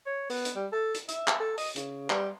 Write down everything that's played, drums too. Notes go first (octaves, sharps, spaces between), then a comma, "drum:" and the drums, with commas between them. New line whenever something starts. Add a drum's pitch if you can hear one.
C#5
B3, drum: open hi-hat
drum: hi-hat
G3
A4
drum: hi-hat
E5, drum: hi-hat
drum: clap
A4
D#5, drum: open hi-hat
C#3, drum: hi-hat
G3, drum: clap